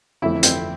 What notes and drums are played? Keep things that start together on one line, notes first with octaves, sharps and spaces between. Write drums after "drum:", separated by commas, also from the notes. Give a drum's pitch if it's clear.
G1 F2 E3 A3 E4
C4, drum: hi-hat